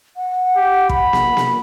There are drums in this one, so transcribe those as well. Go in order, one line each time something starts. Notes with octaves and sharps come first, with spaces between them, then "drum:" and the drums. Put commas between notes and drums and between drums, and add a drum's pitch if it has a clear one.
F#5
G4
B5, drum: kick
drum: snare A#3
drum: snare A#3